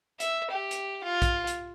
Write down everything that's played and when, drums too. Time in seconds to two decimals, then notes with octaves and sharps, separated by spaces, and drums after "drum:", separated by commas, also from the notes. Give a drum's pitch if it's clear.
0.20 E5, drum: hi-hat
0.51 G4
0.71 drum: hi-hat
1.04 F4
1.22 drum: kick, hi-hat
1.47 drum: hi-hat